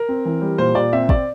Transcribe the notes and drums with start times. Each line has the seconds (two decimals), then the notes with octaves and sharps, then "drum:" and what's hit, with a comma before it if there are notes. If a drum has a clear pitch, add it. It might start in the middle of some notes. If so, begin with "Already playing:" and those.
Already playing: A#4
0.09 C4
0.25 E3
0.41 G3
0.58 A#2 C5
0.75 A#2 D5
0.93 C4 E5
1.09 C4 D5, drum: kick